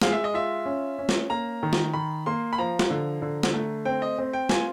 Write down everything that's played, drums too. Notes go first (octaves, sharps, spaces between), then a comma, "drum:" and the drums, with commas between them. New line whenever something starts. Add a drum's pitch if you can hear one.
G#3 F5, drum: snare
E5
D#5
F4 E5
C#4
C#4
drum: snare
A#3 A#5
D#3
drum: snare
D#3 B5
A#3 C6
B5
F3 A#5
drum: snare
D3
D3
drum: snare
A3
C4 G5
D#5
C4
G5
F4 G#5, drum: snare